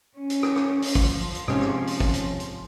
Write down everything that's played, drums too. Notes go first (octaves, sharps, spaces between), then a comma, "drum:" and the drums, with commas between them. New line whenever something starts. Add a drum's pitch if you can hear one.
C#4
drum: hi-hat
drum: rim click
drum: rim click
drum: open hi-hat
drum: kick
F3
drum: hi-hat
G#2 C3 C#4, drum: rim click
drum: rim click
drum: open hi-hat
drum: kick
drum: hi-hat
drum: hi-hat